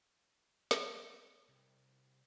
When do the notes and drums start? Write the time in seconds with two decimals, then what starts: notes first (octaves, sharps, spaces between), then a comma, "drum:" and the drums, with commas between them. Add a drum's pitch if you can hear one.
0.71 drum: snare
1.49 C2